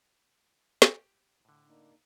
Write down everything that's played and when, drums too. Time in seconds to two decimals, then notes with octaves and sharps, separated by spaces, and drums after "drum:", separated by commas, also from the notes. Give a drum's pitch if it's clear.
0.82 drum: snare
0.96 G4
1.45 A2 D3
1.68 A#3 D4 D#4